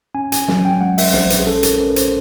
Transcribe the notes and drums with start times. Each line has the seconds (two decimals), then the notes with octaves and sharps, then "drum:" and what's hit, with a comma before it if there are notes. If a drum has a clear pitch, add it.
0.15 C#4 G#5
0.32 G#5, drum: hi-hat
0.48 F#3 G#5, drum: snare
0.65 G5
0.81 G#3 F#5
0.98 E5, drum: open hi-hat
1.13 A#1 C5, drum: snare
1.30 B4, drum: hi-hat
1.39 G#4
1.47 C#4 A4
1.63 A#4, drum: hi-hat
1.79 C#4 B4
1.96 C5, drum: hi-hat